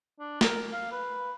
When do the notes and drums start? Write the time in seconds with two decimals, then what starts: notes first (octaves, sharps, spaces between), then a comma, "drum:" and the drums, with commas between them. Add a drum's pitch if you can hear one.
0.20 D4
0.41 A#4, drum: snare
0.72 F5
0.92 B4